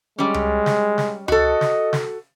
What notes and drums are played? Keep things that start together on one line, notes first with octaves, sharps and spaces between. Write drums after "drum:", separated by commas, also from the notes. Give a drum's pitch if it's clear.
G3 G#3 C#4
drum: tom C#2
drum: snare
drum: snare
F#4 A4 D#5, drum: tom C#2
drum: snare
drum: snare